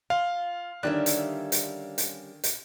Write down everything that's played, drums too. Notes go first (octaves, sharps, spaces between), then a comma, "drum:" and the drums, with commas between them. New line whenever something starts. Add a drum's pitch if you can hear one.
F4 F5
D3 D#3 G3 C#4 E5 F#6
drum: hi-hat
drum: hi-hat
drum: hi-hat
drum: hi-hat